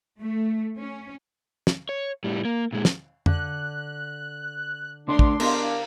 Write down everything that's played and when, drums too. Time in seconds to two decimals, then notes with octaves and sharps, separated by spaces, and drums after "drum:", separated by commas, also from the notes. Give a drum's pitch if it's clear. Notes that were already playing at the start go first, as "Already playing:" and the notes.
0.20 A3
0.77 C#4
1.67 drum: snare
1.89 C#5
2.24 A2 G3
2.45 A#3
2.73 A#2 G#3
2.85 drum: snare
3.26 D3 F#6, drum: tom F2
5.08 D2 D3 D4 D5 C6
5.19 drum: kick
5.40 B3 G4 A#4 F5, drum: cymbal